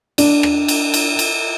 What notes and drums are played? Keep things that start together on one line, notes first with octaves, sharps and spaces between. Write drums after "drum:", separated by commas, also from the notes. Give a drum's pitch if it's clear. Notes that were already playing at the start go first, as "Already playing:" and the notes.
D4, drum: cymbal
drum: rim click
drum: cymbal
drum: cymbal
drum: cymbal